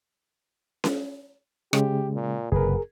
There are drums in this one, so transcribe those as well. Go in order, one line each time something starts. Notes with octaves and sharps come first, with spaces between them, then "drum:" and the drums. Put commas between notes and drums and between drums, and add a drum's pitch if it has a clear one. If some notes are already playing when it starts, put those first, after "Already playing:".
drum: snare C#4
C#3 G#3 G4, drum: rim click
A#2
F#1 C3 G#4 A#4 B4